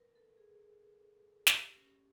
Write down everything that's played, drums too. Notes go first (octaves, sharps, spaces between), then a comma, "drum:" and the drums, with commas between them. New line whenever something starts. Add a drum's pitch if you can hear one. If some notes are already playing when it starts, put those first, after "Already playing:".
Already playing: A#4 B4
A4
G#4
G4, drum: snare
C#4